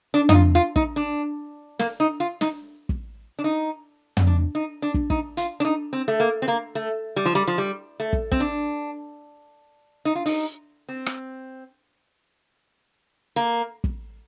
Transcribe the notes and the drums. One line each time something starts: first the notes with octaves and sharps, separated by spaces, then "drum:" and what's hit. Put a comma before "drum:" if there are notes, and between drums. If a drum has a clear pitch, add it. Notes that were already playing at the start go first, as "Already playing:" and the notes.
D4
D#4, drum: tom
F4
F4
D#4, drum: kick
D4
A#3, drum: snare
D#4
F4
D#4, drum: snare
drum: kick
D4
D#4
drum: tom
D4
D#4
D4
drum: kick
D#4, drum: kick
F4, drum: hi-hat
D4
D#4
C4
A3
A#3
C4
A#3
A3
G3
F3
G3
F3
G3
A3
drum: kick
C4, drum: kick
D4
D#4
F4
D#4, drum: open hi-hat
C4
drum: rim click
A#3
drum: kick